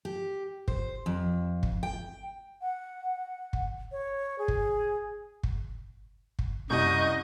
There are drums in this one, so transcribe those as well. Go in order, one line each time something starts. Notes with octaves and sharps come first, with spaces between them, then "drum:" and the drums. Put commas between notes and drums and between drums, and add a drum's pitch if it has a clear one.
G4
C5, drum: kick
F2
drum: kick
G5
F#5
drum: kick
C#5
G#4
drum: kick
drum: kick
drum: kick
C2 F#2 G3 D#5 C#6 G6